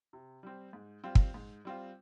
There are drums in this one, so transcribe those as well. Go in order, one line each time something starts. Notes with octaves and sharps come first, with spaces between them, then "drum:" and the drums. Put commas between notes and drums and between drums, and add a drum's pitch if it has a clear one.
C3
G3 C4
G#2
G3 C4 F4
drum: kick
G#2
G3 C4 F4